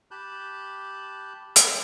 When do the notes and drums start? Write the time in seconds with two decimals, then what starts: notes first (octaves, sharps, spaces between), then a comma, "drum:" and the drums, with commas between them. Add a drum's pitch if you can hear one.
0.11 G4 A5 B5 F#6 G6
1.56 drum: hi-hat